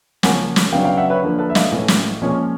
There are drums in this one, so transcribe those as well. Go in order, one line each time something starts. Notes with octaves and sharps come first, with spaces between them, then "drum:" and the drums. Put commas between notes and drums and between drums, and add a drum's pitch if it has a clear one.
C#3 F3 A#3 C#4 F#5 G#5, drum: snare
drum: snare
C#3 F#3 B3 D4 F5 G5
F5 G5
E5 F#5
B4 C#5
D3 F3 A#3 D4
A4 B4
E5
D#5 F5, drum: snare
A2 E3 A3 C#4
drum: snare
A#2 F3 G#3 C#4